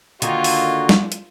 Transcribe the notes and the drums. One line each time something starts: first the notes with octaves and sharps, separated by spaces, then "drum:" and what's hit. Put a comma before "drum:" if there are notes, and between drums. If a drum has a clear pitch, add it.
D3 D#3 A#3 F4 F#4, drum: hi-hat
drum: open hi-hat
drum: snare
drum: hi-hat